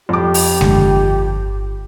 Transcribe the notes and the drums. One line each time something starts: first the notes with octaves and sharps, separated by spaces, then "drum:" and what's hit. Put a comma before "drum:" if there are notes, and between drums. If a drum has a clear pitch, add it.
F2 G4 D6
drum: open hi-hat
G1 D3, drum: snare G#3